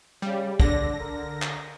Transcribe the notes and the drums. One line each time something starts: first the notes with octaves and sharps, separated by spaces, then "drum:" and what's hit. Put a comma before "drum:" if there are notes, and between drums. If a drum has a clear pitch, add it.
C#3 G3
D3 D4 A#6, drum: kick
A#4
drum: clap